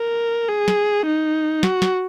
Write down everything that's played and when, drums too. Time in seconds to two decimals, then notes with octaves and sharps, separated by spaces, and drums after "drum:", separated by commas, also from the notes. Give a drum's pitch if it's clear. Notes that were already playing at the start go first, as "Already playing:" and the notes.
Already playing: A#4
0.49 G#4
0.68 drum: snare
1.06 D#4
1.63 F#4, drum: snare
1.82 drum: snare